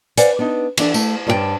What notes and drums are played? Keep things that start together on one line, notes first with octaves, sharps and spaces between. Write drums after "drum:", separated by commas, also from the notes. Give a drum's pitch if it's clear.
B4 C5 D5 F5 F#5 G#5, drum: hi-hat
B3 D4 D#4
E3 D4 A4, drum: cymbal
A3, drum: tambourine
G2 G3 C#4 G4 G5 A5